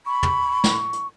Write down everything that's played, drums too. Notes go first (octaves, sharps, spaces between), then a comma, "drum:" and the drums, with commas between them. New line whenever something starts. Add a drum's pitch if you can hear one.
B5 C#6
drum: tom
drum: snare
drum: hi-hat